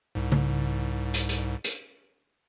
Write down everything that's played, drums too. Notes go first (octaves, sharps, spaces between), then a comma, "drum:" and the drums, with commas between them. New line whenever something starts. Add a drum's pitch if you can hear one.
C2 G#2
drum: tom
drum: hi-hat
drum: hi-hat
drum: hi-hat